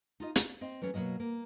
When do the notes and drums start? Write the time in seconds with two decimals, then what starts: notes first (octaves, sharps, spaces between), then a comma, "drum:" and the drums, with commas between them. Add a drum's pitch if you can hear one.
0.20 D#4 F4 D#5
0.36 D5, drum: hi-hat
0.61 C4 D#5
0.82 E3 F#3 A3 C#4
0.94 B2 D#3 F#3 A#3 D#5
1.20 A#3